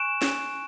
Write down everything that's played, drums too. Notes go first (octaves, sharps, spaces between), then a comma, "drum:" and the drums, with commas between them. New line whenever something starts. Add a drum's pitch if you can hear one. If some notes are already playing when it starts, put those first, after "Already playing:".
Already playing: G#5 C#6 F#6 D7 E7
drum: snare